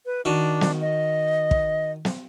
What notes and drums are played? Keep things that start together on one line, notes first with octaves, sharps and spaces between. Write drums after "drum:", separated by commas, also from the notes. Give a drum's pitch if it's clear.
B4
D#3 D4 F#4
drum: snare
D#5
drum: kick
drum: snare